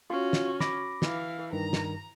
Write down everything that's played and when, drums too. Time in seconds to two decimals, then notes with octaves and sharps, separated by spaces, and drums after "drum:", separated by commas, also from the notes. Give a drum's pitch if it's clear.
0.10 C#4 F4 F#4 C6
0.33 drum: snare
0.60 B5 D6 A#6, drum: snare
1.02 E3 F5, drum: snare
1.53 G2 D#3 A#5
1.73 drum: snare